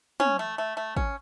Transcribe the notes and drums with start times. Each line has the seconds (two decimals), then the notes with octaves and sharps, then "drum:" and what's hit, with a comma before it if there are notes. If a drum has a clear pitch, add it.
0.20 C#4, drum: tom
0.39 A3
0.58 A3
0.77 A3
0.97 C#4, drum: kick G#1